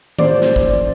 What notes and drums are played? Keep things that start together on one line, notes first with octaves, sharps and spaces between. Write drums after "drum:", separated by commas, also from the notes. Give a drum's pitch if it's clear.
A2 F3 A#3 C#4 C5 D5, drum: tom D#3
drum: snare
drum: kick